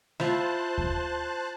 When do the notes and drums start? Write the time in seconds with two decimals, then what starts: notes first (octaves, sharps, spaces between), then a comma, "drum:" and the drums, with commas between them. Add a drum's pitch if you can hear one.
0.20 E4 F4 C5 A5 F#6, drum: snare
0.78 drum: kick D#2